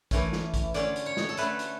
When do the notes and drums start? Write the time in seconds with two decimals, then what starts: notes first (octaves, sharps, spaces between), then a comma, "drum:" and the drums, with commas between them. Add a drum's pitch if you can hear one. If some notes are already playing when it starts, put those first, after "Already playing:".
0.11 E3 A3 C#4, drum: kick G#1, hi-hat
0.33 drum: snare
0.54 drum: kick G#1, hi-hat
0.74 D3 A3 C#4 D5, drum: hi-hat
0.96 drum: hi-hat
1.06 C#5
1.17 drum: snare
1.29 A4
1.37 D3 A3 C#4 B4, drum: hi-hat
1.59 drum: hi-hat